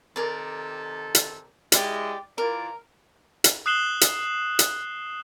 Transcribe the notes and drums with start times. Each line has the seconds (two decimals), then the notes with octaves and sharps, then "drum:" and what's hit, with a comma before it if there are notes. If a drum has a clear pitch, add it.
0.16 C3 D#3 A4 A#4 D5
1.15 drum: hi-hat
1.72 G#3 E4 G4 D5, drum: hi-hat
2.38 E3 F4 A#4 D5
3.44 drum: hi-hat
3.66 D#6 F#6 C7 E7 F#7 G7
4.01 drum: hi-hat
4.59 drum: hi-hat